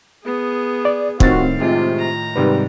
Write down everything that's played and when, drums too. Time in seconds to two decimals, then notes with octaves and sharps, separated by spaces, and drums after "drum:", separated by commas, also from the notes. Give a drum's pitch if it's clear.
0.24 B3 G#4
0.85 D5
1.20 A2 D#3 C4 F4 F#4 F5 A6, drum: kick
1.59 C3 G#3 F4
1.99 A#5
2.36 G#2 C3 D#3 G3 B4